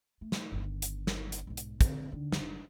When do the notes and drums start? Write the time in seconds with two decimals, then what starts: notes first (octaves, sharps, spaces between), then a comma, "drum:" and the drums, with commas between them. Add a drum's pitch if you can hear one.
0.21 A3
0.32 drum: snare
0.52 G1 D#3
0.82 drum: hi-hat
1.07 drum: snare
1.32 drum: hi-hat
1.47 B1 G#2
1.57 drum: hi-hat
1.81 D3 C4, drum: kick, hi-hat
2.12 D#2 D3
2.32 F1 D4, drum: snare